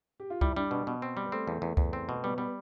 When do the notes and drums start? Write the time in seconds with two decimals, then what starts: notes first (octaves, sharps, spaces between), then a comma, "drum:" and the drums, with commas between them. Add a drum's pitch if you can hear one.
0.20 G4
0.30 F4
0.41 G3 E4, drum: kick C#2
0.56 G3 D4
0.71 B2 D4
0.86 B2 B3
1.02 C4
1.17 G3
1.32 A3 C4
1.47 E2
1.62 E2
1.77 E2, drum: kick C#2
1.93 C4
2.09 B2
2.23 G3 B3
2.38 G3 B3